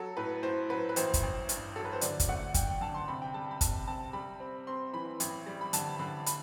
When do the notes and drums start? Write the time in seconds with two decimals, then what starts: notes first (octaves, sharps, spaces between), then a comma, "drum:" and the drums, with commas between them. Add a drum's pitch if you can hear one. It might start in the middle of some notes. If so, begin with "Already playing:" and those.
Already playing: F#3 A4
0.17 A2 B4
0.43 A2 C5
0.69 F#3 B4
0.89 B4
0.96 A1 C5, drum: hi-hat
1.14 drum: kick, hi-hat
1.23 A1
1.49 G2, drum: hi-hat
1.76 F#3 A4
1.85 B4
1.93 C5
2.01 D3 D5, drum: hi-hat
2.20 drum: kick, hi-hat
2.29 A3 F#5
2.54 D3 G5, drum: kick, hi-hat
2.68 G5
2.81 D3 A5
2.94 C6
3.08 C3 B5
3.22 G5
3.34 G3 A5
3.51 B5
3.61 C3 A5, drum: kick, hi-hat
3.87 C3 A5
4.13 G3 B5
4.40 C4
4.67 C4 C6
4.93 E3 B5
5.20 A1, drum: hi-hat
5.46 G3
5.61 B5
5.73 D3 A5, drum: hi-hat
5.99 D3 B5
6.26 B5, drum: hi-hat